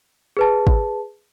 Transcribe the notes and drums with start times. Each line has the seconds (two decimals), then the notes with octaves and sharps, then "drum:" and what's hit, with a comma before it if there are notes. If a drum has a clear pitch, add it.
0.37 G#4 B4 A5
0.67 drum: kick